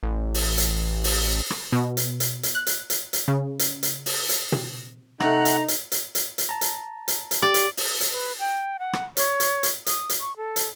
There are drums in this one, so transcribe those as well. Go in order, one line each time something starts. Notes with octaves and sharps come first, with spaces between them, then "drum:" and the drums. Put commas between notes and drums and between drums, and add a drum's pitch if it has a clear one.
A1
drum: open hi-hat
drum: hi-hat
drum: open hi-hat
drum: rim click
B2
drum: hi-hat
drum: hi-hat
drum: hi-hat
F#6
drum: hi-hat
drum: hi-hat
drum: hi-hat
C#3
drum: hi-hat
drum: hi-hat
drum: open hi-hat
drum: hi-hat
drum: tom
C3 A3 D#4 F#5 A#5, drum: rim click
drum: hi-hat
drum: hi-hat
drum: hi-hat
drum: hi-hat
drum: hi-hat
A5 A#5
drum: hi-hat
drum: hi-hat
drum: hi-hat
G4 D5
drum: hi-hat
drum: open hi-hat
drum: hi-hat
B4
G5
F#5
drum: rim click
C#5, drum: hi-hat
drum: hi-hat
drum: hi-hat
D#6, drum: hi-hat
drum: hi-hat
C#6
A4
drum: hi-hat